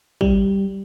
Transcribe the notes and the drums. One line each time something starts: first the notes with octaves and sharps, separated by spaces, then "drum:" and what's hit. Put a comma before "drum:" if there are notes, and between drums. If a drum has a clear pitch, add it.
G3, drum: kick